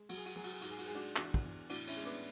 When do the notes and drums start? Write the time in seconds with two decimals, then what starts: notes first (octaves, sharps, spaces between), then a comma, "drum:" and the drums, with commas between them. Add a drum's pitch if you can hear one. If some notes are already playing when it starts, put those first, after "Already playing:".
Already playing: G#3
0.09 F#3 F#4, drum: cymbal
0.17 G#4
0.26 F#4, drum: cymbal
0.36 F#3 G#4
0.44 F#4, drum: cymbal
0.52 G#4
0.61 G#2 F#4, drum: cymbal
0.70 G#4
0.78 F#4, drum: cymbal
0.86 G#3 G#4
0.95 D4 F#4
1.16 E2 D4 F#4, drum: clap
1.34 drum: kick
1.44 E2
1.69 A2 D4 F#4, drum: cymbal
1.87 C#4 E4, drum: cymbal
1.96 G#3
2.05 B3 D4